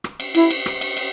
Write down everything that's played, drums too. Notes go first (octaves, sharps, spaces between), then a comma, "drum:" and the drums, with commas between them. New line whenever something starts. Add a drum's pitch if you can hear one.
drum: rim click
drum: cymbal
E4, drum: cymbal
drum: cymbal
drum: rim click
drum: cymbal
drum: cymbal